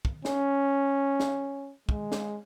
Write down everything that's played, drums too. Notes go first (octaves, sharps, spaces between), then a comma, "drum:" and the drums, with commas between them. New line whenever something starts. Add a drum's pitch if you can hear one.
drum: kick
C#4, drum: snare
drum: snare
G#3, drum: kick
drum: snare